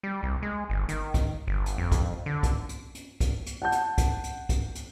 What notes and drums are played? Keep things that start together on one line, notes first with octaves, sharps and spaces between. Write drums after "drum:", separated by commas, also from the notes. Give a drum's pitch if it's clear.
G3
C2
G#3
G1
D#3, drum: hi-hat
drum: kick, hi-hat
G1
drum: hi-hat
F2
drum: kick, hi-hat
D3
drum: kick, hi-hat
drum: hi-hat
drum: hi-hat
drum: kick, hi-hat
drum: hi-hat
F#5 A5 G6
drum: hi-hat
drum: kick, hi-hat
drum: hi-hat
drum: kick, hi-hat
drum: hi-hat